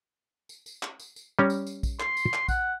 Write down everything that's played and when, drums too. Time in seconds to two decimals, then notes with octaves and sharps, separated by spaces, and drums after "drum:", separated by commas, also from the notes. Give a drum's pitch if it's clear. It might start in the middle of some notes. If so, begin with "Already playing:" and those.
0.49 drum: tambourine
0.66 drum: tambourine
0.83 drum: clap
1.00 drum: tambourine
1.16 drum: tambourine
1.39 G3 C#4 A#5
1.50 drum: tambourine
1.67 drum: tambourine
1.83 drum: kick A#1, tambourine
2.00 C6, drum: clap
2.17 drum: tambourine
2.34 drum: clap
2.48 F#5, drum: kick A#1, tambourine